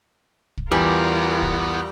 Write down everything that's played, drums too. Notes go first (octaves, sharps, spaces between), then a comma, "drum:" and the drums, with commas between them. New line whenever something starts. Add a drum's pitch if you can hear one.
drum: kick
E2 G3 B3 F4 G#4 A#4
drum: kick